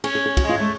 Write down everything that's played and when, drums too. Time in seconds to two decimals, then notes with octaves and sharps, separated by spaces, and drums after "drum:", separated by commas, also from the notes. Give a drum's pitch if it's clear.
0.04 C#4 G#4, drum: cymbal
0.15 G#4
0.26 G#4
0.37 F#4, drum: kick, cymbal
0.44 G#3 F4
0.57 G#3 A3